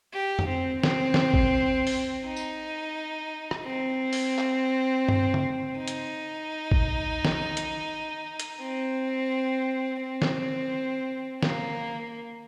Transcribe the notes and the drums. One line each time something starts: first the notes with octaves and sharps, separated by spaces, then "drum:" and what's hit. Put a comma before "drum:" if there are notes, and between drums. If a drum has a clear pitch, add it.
G4
drum: tom F2
C4
C4, drum: snare
drum: snare
drum: kick
drum: open hi-hat
D#4
drum: tambourine
drum: rim click
C4
drum: open hi-hat
drum: clap
drum: tom G2
drum: tom C#3
D#4
drum: hi-hat
drum: kick
drum: snare
drum: hi-hat
drum: hi-hat
C4
C4
drum: snare
A#3, drum: snare